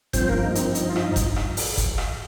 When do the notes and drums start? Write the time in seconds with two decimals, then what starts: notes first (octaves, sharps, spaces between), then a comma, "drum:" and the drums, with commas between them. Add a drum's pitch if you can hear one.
0.13 G2 F3 C4 C5, drum: kick F#1, hi-hat
0.29 A#3 A#4
0.44 D#4
0.55 D#4, drum: hi-hat
0.59 C4
0.75 D#4, drum: hi-hat
0.89 F4
0.96 D#4, drum: rim click
1.16 drum: kick F#1, hi-hat
1.36 drum: rim click
1.57 drum: open hi-hat
1.77 drum: kick F#1, hi-hat
1.98 drum: rim click